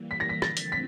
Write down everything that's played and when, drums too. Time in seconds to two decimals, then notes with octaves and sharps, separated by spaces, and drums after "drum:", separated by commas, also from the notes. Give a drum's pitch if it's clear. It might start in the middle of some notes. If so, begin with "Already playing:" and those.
Already playing: E3 G3 A#3
0.11 B6
0.20 A#6
0.29 B6
0.42 D3 F3 A3 C4 A6, drum: rim click
0.57 drum: hi-hat
0.72 B6